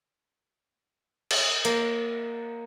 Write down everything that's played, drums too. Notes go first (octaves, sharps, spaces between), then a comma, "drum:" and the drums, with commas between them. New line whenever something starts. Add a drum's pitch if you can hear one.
drum: cymbal
A#3, drum: hi-hat